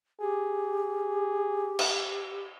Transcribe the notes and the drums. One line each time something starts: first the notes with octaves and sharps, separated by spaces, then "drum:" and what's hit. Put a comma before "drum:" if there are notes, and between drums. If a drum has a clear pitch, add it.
G4 G#4
drum: cymbal